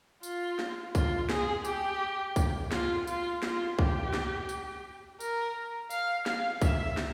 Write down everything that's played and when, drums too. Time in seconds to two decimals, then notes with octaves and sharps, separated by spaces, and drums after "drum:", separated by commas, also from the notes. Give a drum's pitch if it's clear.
0.23 F4, drum: tambourine
0.59 drum: snare
0.95 F4, drum: kick C2, tambourine
1.29 G#4, drum: snare
1.65 G4, drum: tambourine
2.36 drum: kick C2, tambourine
2.71 F4, drum: snare
3.07 F4, drum: tambourine
3.43 F4, drum: snare
3.79 G4, drum: kick C2
4.13 drum: snare
4.49 drum: tambourine
5.20 A#4, drum: tambourine
5.90 F5, drum: tambourine
6.26 F5, drum: snare
6.62 E5, drum: kick C2, tambourine
6.97 drum: snare